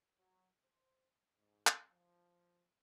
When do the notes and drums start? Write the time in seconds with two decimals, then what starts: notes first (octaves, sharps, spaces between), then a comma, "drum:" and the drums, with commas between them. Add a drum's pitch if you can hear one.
0.18 F#3
0.63 C5
1.38 G#2
1.67 drum: clap
1.91 F3